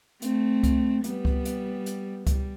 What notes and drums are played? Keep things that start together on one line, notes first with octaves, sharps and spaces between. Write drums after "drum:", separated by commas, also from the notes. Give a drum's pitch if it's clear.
A3 C4, drum: hi-hat
drum: kick C#2, hi-hat
G3 B3, drum: hi-hat
drum: kick C#2
drum: hi-hat
drum: hi-hat
G3, drum: kick C#2, hi-hat